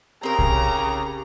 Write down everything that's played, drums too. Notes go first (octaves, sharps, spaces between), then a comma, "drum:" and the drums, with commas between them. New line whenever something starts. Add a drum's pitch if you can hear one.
C#3 C4 G4 A#4 A#5
drum: kick